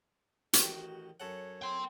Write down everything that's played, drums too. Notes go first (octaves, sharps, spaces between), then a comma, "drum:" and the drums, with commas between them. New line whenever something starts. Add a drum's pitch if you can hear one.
A1 D#3 F#4 G4, drum: hi-hat
F#2 A4 C#5 F#5
G5 C6